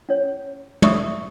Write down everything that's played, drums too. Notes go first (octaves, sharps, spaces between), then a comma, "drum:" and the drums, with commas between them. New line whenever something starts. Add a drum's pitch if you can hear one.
C#4 C#5
G4 D5 E5 C#6 D#6 E6, drum: tom